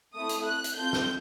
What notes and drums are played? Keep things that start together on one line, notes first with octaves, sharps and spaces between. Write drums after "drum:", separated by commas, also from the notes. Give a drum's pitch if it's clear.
A3 C4 E4 D#6
drum: hi-hat
F#6
drum: hi-hat
C4 F4 A4 G6
drum: snare